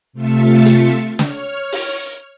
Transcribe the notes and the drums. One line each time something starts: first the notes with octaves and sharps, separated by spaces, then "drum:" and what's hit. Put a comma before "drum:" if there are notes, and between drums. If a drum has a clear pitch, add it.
C3 A3 F4 E5 A5 C#7
drum: hi-hat
C#5 F6, drum: snare
drum: open hi-hat